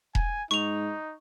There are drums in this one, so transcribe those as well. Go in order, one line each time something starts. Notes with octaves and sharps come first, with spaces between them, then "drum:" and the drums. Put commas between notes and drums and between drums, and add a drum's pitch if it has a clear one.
G#5, drum: kick E1
G#2 D#4 C#6 F7